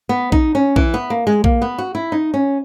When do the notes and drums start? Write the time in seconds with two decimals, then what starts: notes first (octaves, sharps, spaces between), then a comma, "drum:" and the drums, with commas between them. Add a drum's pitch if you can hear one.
0.09 B3
0.32 D#4, drum: kick A#1
0.55 C#4
0.76 E3, drum: kick A#1
0.94 B3
1.10 A#3
1.27 G#3
1.44 A#3, drum: kick A#1
1.62 B3
1.78 F#4
1.95 E4
2.12 D#4
2.34 C#4